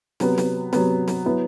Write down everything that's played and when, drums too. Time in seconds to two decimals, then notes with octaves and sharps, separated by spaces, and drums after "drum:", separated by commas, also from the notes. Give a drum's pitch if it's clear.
0.20 C3 F#3 B3, drum: snare
0.38 drum: snare
0.73 C3 F#3 B3, drum: snare
1.08 drum: snare
1.25 F#3 B3 E4